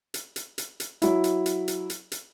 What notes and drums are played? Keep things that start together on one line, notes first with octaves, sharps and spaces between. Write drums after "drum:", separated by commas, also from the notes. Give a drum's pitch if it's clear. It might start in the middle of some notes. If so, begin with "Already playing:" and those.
drum: hi-hat
drum: hi-hat
drum: hi-hat
drum: hi-hat
F#3 E4, drum: hi-hat
drum: hi-hat
drum: hi-hat
drum: hi-hat
drum: hi-hat
drum: hi-hat